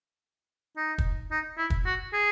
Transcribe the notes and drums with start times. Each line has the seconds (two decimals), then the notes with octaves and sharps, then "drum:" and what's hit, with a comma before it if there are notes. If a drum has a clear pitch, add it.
0.77 D#4
0.98 drum: kick
1.32 D#4
1.58 E4
1.70 drum: kick
1.86 F#4
2.13 G#4